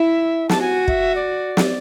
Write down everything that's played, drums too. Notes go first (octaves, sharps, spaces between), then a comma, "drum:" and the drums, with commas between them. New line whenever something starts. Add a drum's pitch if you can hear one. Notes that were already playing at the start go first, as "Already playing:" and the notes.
Already playing: E4 E5
A5, drum: snare
F#4 G#5
E5, drum: kick
D5
drum: snare